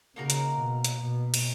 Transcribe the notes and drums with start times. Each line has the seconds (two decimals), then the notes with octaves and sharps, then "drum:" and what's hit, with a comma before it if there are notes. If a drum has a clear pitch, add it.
0.16 C#3 A#3 D#4 F#4 A#4
0.30 drum: hi-hat
0.59 B2
0.84 drum: hi-hat
1.01 B2
1.34 drum: cymbal